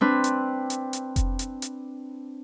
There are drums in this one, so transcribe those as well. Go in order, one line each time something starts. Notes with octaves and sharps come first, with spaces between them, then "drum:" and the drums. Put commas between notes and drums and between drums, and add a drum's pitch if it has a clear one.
C4 D4 B4
drum: hi-hat
drum: hi-hat
drum: hi-hat
drum: kick F1, hi-hat
drum: hi-hat
drum: hi-hat